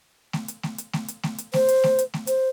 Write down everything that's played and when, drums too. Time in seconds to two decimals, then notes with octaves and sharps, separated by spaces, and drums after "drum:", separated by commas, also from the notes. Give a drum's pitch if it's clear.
0.33 drum: snare A3
0.48 drum: hi-hat
0.63 drum: snare A3
0.78 drum: hi-hat
0.93 drum: snare A3
1.08 drum: hi-hat
1.23 drum: snare A3
1.38 drum: hi-hat
1.53 C5, drum: snare A3
1.68 drum: hi-hat
1.84 drum: snare A3
1.99 drum: hi-hat
2.14 drum: snare A3
2.27 C5, drum: hi-hat